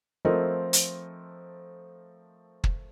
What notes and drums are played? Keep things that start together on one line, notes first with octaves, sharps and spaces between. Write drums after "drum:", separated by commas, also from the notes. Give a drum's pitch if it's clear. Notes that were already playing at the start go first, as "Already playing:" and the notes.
F3 A3 C4 A4 A#4 D#5
drum: hi-hat
drum: kick